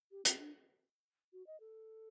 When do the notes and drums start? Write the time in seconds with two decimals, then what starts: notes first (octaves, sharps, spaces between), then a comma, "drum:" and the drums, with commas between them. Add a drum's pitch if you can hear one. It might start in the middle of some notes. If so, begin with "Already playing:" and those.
0.11 G4
0.25 C4, drum: hi-hat
0.39 D4
1.33 F#4
1.47 D#5
1.60 A4